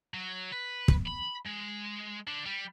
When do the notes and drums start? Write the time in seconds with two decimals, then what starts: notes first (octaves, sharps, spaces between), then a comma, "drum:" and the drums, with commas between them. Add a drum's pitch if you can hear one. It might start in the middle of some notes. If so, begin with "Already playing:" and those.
0.14 F#3
0.52 B4
0.88 drum: kick
1.06 B5
1.46 G#3
2.27 D3
2.46 G3